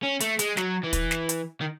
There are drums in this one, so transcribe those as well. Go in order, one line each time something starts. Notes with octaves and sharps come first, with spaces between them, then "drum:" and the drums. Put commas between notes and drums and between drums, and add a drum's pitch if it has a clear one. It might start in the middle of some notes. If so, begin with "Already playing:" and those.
C#4
A3, drum: hi-hat
G#3, drum: hi-hat
F#3, drum: snare
E3
drum: kick, hi-hat
drum: snare
drum: hi-hat
D#3